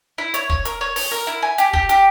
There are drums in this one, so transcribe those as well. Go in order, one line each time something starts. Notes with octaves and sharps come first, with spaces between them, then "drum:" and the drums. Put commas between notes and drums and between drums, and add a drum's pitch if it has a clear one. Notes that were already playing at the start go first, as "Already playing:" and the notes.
E4
C#5, drum: hi-hat
C#5, drum: kick
A#4, drum: hi-hat
C#5
C#5, drum: open hi-hat
A#4
E4
G#5
G4, drum: hi-hat
G4, drum: kick
G4, drum: hi-hat